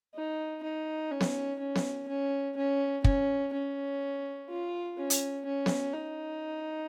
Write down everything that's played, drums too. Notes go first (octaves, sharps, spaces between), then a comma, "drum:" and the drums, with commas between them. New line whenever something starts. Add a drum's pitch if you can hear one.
D#4
D#4
C#4
drum: snare B3
C#4
drum: snare B3
C#4
C#4
C#4, drum: kick
C#4
F4
C#4
drum: hi-hat
C#4
drum: snare B3
D#4